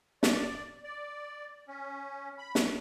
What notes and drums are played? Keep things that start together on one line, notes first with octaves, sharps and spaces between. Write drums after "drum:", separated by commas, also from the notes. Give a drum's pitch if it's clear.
D5, drum: snare
D5
C#4
B5
drum: snare